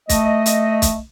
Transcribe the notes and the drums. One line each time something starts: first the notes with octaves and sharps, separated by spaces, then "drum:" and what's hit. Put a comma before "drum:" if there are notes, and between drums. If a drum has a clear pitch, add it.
A3 D#5, drum: kick, hi-hat
drum: hi-hat
drum: kick, hi-hat